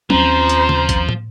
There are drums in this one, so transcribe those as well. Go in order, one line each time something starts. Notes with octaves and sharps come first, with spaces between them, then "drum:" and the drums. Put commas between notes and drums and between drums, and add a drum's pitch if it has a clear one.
D#2 F3 C4 C#4 C5 A#5, drum: tom F#3
drum: hi-hat
drum: tom C#3
drum: kick A1, hi-hat
drum: tom